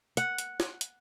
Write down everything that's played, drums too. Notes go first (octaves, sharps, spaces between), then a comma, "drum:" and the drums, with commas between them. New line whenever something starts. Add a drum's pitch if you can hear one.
F#5, drum: hi-hat
drum: hi-hat
drum: snare
drum: hi-hat